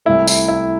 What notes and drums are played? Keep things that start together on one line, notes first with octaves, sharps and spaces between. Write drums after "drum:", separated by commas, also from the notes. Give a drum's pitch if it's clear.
C2 C3 A3 E4
E4, drum: tambourine
E4